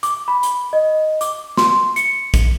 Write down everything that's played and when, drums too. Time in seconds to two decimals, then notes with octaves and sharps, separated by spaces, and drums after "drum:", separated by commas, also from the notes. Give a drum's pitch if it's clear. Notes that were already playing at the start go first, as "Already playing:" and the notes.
0.03 D6, drum: hi-hat
0.28 B5
0.43 drum: hi-hat
0.73 D#5
1.21 D6, drum: hi-hat
1.57 C6, drum: snare
1.96 C#7, drum: hi-hat
2.34 drum: kick, hi-hat